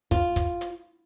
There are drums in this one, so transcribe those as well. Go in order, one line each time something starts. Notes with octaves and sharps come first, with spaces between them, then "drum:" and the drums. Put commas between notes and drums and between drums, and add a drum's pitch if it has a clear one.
F4, drum: kick, hi-hat
drum: kick, hi-hat
drum: hi-hat